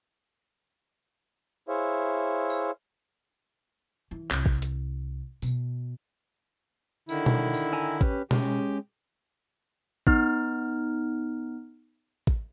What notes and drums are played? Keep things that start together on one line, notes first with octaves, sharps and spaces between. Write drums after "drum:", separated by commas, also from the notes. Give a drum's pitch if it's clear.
E4 G#4 C5 C#5 E5 F5
drum: tambourine
E3
C2, drum: clap
drum: kick A1
drum: hi-hat
B2, drum: tambourine
D3 D#3 E4, drum: tambourine
drum: tom B2
drum: tambourine
E5 G#5 A#5
C#4 G4 B4, drum: kick A1
G#3 C#4 G4, drum: tom B2
B3 D#4 F6, drum: kick A1
drum: kick A1